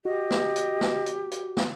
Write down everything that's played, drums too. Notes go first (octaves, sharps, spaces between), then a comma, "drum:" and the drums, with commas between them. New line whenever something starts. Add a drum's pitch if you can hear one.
F#4 G4 D#5
drum: snare
drum: hi-hat
drum: snare
drum: hi-hat
drum: hi-hat
drum: snare